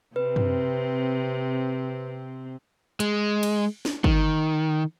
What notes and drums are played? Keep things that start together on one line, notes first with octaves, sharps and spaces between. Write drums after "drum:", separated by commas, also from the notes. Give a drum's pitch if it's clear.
C3 C4 B4
drum: tom F#2
G#3, drum: hi-hat
drum: cymbal
drum: snare
D#3, drum: kick